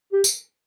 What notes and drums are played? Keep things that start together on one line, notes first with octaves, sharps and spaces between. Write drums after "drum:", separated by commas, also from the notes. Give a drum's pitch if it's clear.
G4
drum: tambourine